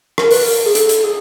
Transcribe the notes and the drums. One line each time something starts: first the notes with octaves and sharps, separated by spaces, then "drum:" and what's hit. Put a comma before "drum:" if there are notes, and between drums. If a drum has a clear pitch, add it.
A#4, drum: rim click
B4, drum: open hi-hat
A#4
G#4
A4, drum: hi-hat
drum: hi-hat
G#4